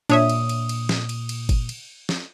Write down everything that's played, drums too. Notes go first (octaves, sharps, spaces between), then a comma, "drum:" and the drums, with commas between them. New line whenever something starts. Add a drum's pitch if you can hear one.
A#2 D4 C#5 E5 D#6, drum: cymbal
drum: cymbal
drum: cymbal
drum: cymbal
drum: snare
drum: cymbal
drum: cymbal
drum: kick G1, cymbal
drum: cymbal
drum: snare